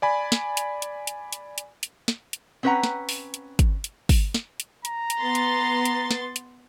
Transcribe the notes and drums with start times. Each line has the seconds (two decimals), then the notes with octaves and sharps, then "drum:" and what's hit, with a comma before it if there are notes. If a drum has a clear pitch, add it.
0.02 D5 G#5 B5
0.32 drum: snare
0.57 drum: hi-hat
0.82 drum: hi-hat
1.07 drum: hi-hat
1.33 drum: hi-hat
1.58 drum: hi-hat
1.83 drum: hi-hat
2.08 drum: snare
2.33 drum: hi-hat
2.63 C4 C#4 B4 C#5 F#5 A#5
2.83 drum: snare
3.09 drum: open hi-hat
3.34 drum: hi-hat
3.59 drum: kick, hi-hat
3.84 drum: hi-hat
4.09 drum: kick, open hi-hat
4.34 drum: snare
4.60 drum: hi-hat
4.85 A#5, drum: hi-hat
5.10 drum: hi-hat
5.19 B3 C6 A6
5.35 drum: hi-hat
5.85 drum: hi-hat
6.11 drum: snare
6.36 drum: hi-hat